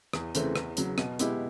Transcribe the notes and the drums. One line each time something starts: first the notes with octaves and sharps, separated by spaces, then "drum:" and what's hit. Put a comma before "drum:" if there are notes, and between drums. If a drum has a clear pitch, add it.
E2, drum: rim click
C#3 E3 A3 C4, drum: hi-hat
E2, drum: rim click
C#3 F#3, drum: hi-hat
B2, drum: rim click
G#3 B3 E4 G4, drum: hi-hat